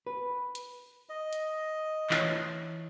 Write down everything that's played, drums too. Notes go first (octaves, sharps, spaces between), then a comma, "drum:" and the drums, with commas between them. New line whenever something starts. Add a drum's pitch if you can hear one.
B4
drum: hi-hat
D#5
drum: hi-hat
E3 C#5, drum: clap